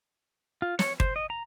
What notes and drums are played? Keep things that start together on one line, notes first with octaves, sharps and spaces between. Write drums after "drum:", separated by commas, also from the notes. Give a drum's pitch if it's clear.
F4
C#5, drum: snare
C5, drum: kick
D#5
A#5